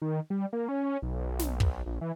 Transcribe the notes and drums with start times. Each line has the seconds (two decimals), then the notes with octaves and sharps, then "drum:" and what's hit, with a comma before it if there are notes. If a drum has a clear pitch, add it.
0.02 D#3
0.30 G3
0.53 A#3
0.69 C#4
1.02 B1
1.39 drum: snare
1.60 drum: kick
1.86 A#1
2.01 E3